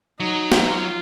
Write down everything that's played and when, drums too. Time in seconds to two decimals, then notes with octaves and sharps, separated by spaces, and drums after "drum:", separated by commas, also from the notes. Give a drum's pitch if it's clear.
0.19 F#3 D#4
0.52 drum: snare
0.68 F4